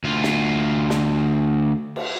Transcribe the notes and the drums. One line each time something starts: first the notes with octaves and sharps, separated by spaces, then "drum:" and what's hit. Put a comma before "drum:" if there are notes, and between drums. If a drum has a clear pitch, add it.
D2 F4
drum: snare
drum: snare
drum: cymbal